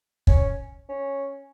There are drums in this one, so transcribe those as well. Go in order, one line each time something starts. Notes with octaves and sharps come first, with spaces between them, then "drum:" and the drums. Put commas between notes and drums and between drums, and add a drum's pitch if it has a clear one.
C#4, drum: kick
C#4